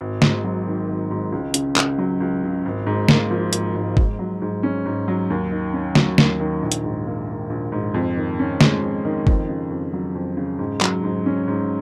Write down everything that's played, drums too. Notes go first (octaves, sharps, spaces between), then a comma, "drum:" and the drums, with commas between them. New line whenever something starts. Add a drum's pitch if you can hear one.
G#1
G#2, drum: snare
F#3
D#3
G#1
G#2
C#2
C#3, drum: hi-hat
C#2, drum: clap
F#3
C#2
C#3
G#1
G#2
A#3, drum: snare
F3
G#1, drum: hi-hat
G#2
G#2, drum: kick G1
F#3
G#2
C#4
G#2
F#3
D#2
D#3
C#4
F#3, drum: snare
D#2, drum: snare
D#3
A#1
drum: hi-hat
G#2
A#3
D#3
A#1
G#2
F2
D#3
C#4
G#3, drum: snare
F2
D#3
F2, drum: kick G1
C#3
F2
F#3
F2
C#3
G#2
F#3, drum: clap
G#2
C#4
G#2